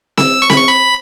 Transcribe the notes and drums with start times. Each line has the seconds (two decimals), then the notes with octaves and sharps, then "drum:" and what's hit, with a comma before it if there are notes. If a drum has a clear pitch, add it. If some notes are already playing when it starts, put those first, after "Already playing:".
0.18 E6, drum: snare C4
0.42 C#6
0.50 B5, drum: snare C4
0.57 C#6
0.68 B5